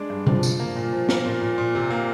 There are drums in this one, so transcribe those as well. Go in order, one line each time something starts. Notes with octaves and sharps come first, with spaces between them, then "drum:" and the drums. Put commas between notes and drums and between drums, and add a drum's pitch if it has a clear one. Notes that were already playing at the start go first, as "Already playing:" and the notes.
Already playing: G#3 D4
G2
F3, drum: tom B2
F3, drum: tambourine
A#3
A#2
F3
A#3, drum: snare
A#2
A#2
A#2
C3
A#3